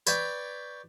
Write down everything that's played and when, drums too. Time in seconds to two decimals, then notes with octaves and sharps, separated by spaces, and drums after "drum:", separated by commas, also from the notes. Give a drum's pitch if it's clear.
0.07 B4 C#5 D5 G5, drum: tambourine